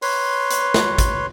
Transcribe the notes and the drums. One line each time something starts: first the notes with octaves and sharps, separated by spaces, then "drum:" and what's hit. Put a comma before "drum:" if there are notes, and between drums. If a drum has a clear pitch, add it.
B4 C#5 C6, drum: open hi-hat
drum: hi-hat
drum: snare
drum: kick, hi-hat